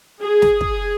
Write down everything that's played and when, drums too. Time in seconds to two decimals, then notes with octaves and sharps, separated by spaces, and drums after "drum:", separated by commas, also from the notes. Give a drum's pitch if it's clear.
0.23 G#4
0.42 drum: snare
0.61 drum: kick